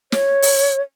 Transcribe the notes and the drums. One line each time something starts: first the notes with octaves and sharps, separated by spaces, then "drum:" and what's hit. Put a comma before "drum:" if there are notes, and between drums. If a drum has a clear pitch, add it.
C#5, drum: snare
drum: open hi-hat